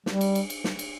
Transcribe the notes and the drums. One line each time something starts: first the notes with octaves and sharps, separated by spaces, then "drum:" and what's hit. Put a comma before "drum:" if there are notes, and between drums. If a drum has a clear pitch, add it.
G3, drum: snare
drum: cymbal
drum: cymbal
drum: cymbal
drum: snare
drum: cymbal